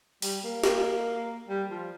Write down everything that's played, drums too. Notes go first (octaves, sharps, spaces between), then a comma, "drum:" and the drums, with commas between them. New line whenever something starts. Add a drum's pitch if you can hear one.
G3, drum: open hi-hat
A#3
A#3, drum: snare
G3
F3